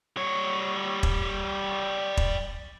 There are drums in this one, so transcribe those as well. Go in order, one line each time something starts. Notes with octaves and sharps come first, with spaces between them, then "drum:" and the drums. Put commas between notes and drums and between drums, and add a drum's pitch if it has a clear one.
G3 C#5
drum: kick E1
drum: kick E1